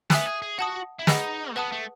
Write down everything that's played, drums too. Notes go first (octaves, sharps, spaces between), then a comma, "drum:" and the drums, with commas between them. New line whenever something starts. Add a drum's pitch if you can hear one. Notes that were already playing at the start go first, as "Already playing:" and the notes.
B3 E5 G#5 D#6 F#6, drum: snare
G#4
G#4
F#4 F#5 A5 D#6
E4
D#4 G#4 B4 D#5 F#5 B5, drum: snare
A3
B3 B4 F#5 A5 D#6
A3